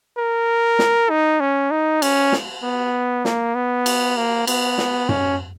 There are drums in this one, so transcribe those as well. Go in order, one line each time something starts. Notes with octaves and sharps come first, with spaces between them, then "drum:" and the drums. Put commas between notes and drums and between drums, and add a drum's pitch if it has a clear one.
A#4
drum: snare
D#4
C#4
D#4
C#4, drum: cymbal
drum: snare
B3
A#3, drum: snare
B3
drum: cymbal
A#3
B3, drum: cymbal
drum: snare
C#4, drum: tom F#2